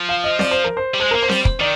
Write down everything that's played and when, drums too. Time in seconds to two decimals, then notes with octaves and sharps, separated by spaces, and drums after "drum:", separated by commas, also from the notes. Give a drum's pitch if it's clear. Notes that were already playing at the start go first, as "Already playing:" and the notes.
Already playing: F3
0.09 F5
0.24 D#5
0.39 D5, drum: snare C4
0.51 C5
0.64 A#4
0.77 C5
0.94 G3
1.00 G#3 C5
1.11 A#3 A#4
1.22 C5
1.29 G3, drum: snare C4
1.45 drum: kick
1.60 D#3 D5